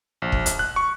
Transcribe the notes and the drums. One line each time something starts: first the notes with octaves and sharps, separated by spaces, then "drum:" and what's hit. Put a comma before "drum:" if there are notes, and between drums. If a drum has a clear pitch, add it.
A#1
drum: kick
drum: hi-hat
F#6
C#6